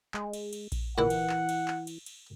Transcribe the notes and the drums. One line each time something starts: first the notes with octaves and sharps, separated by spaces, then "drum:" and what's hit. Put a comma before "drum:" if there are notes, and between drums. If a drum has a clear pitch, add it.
G#3, drum: clap
drum: cymbal
drum: cymbal
drum: kick A#1, cymbal
A#2 E3 E4 F#5
drum: cymbal
drum: clap
drum: cymbal
drum: clap
drum: cymbal
drum: cymbal